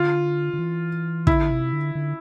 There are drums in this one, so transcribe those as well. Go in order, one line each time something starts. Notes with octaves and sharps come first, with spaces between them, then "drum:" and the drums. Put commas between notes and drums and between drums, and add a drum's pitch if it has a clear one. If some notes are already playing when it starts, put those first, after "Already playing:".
Already playing: D3 F4
D3
E3
D3 E4, drum: kick
C3
D3
D3